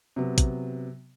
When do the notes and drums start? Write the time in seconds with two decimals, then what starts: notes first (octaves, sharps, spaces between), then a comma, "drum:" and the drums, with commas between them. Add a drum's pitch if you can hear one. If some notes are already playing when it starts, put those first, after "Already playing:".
0.16 C3 F#3 B3
0.38 drum: kick, hi-hat